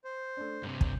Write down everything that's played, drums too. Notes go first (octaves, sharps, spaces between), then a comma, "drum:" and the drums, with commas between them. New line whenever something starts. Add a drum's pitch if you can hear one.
C5
A3 D4
G2 C3 G6
drum: kick